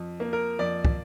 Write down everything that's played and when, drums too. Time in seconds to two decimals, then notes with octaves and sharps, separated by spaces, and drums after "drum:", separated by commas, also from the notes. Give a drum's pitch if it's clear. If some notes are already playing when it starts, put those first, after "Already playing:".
Already playing: F2
0.20 A#3
0.33 A#4
0.59 F2 D5
0.85 drum: kick